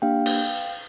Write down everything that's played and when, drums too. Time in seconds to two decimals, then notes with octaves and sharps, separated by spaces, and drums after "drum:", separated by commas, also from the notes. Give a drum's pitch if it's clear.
0.02 A#3 D4 G4 F5 G5
0.26 drum: cymbal